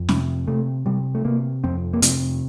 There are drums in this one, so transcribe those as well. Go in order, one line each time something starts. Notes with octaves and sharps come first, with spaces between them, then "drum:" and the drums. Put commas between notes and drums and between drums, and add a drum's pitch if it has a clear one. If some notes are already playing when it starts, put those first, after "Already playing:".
Already playing: F2
C3, drum: snare
C3 A3
C3 G3
A3
C3 A#3
F2 C4
A#3
C3 C4, drum: hi-hat